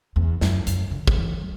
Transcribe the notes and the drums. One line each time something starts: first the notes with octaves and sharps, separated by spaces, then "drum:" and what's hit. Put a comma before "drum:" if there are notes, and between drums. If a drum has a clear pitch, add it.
E2
F#2, drum: snare
F#2, drum: hi-hat
D3
drum: kick
E3
F#3